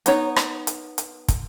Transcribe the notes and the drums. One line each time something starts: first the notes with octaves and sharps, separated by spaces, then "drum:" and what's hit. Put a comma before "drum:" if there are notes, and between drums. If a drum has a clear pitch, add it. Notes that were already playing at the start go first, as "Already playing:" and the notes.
B3 D#4 C#5 A#5, drum: hi-hat
drum: rim click
drum: hi-hat
drum: hi-hat
drum: kick, hi-hat